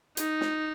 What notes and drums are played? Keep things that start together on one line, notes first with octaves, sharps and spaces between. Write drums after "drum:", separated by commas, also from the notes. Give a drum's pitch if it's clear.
D#4, drum: hi-hat
drum: snare